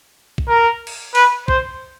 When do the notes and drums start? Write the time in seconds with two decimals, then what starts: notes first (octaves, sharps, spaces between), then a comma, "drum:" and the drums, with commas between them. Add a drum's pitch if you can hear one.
0.38 drum: kick B1
0.48 A#4
0.87 drum: cymbal
1.15 B4, drum: open hi-hat
1.48 C5, drum: kick B1